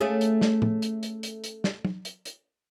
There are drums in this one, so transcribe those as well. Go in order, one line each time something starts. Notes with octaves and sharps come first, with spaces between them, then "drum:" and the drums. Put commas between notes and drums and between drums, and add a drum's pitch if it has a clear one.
A3 C#4 G#4
drum: hi-hat
drum: snare
drum: tom A2
drum: hi-hat
drum: hi-hat
drum: hi-hat
drum: hi-hat
drum: snare
drum: tom
drum: hi-hat
drum: hi-hat